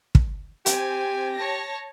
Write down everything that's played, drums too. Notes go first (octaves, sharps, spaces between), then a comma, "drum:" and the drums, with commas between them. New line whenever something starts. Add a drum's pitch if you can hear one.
drum: kick
C4 G4 G#5, drum: hi-hat
C#5 A5 A#6